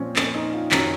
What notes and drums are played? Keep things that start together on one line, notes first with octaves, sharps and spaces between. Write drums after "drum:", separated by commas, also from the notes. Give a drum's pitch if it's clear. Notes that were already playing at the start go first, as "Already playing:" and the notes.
Already playing: A#2 F3 C4 C#4
C#4, drum: clap
D#4
F4
F#2 D#3 F#3 C#4, drum: clap